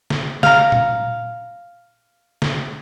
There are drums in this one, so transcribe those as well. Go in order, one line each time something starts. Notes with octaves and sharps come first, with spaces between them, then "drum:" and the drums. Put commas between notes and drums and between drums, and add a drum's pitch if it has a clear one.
drum: snare
F5 A#5, drum: snare
drum: tom A#2
drum: snare